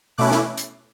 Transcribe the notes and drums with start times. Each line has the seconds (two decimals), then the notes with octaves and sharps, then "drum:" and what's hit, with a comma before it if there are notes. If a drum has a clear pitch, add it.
0.18 B2 A3 C#4 E4 D6 F#6
0.31 drum: snare
0.57 drum: hi-hat